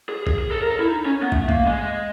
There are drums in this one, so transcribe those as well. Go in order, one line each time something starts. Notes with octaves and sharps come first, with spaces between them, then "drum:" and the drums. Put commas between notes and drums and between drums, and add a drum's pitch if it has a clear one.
G#4
G#4, drum: kick
G#4
A4
A#4
A4
E4
D#4
C#4
B3
A3, drum: kick
A#3, drum: kick
G#3